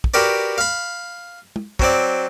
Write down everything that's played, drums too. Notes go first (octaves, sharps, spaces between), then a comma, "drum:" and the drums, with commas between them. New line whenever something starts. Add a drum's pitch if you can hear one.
drum: kick
F#4 G4 A#4 B4 D5
F5 B5
drum: tom
F#3 C4 D5, drum: kick